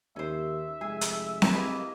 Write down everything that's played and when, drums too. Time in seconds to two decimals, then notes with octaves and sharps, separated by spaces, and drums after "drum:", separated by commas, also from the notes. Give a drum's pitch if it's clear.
0.16 D#2 C#4 C5 E5
0.81 F1 G#3 G#4
1.01 drum: hi-hat
1.42 drum: snare C4
1.53 A#3 E4 G4 G#4 B4 D#5